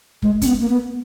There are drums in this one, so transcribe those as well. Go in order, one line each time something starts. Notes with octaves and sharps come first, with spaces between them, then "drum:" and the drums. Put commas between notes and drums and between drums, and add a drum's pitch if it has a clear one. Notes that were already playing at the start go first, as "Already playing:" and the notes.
G#3, drum: kick
C#4, drum: kick, hi-hat
B3
A#3
B3